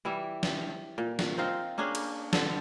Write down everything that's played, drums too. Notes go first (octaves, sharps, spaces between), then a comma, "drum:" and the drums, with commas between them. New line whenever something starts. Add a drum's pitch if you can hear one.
E3 G3 E4 E5
drum: snare
A#2
drum: snare
C4 D#4 F4 C5
A#3 C#4 D4 G#4
drum: cymbal
D3 A4, drum: snare